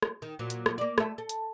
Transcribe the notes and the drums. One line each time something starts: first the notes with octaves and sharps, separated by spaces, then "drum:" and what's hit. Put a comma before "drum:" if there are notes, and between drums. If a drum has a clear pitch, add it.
drum: rim click
D#3
A#2 F#3
drum: hi-hat
drum: rim click
A#3 D5
A3 E5, drum: rim click
A4
drum: hi-hat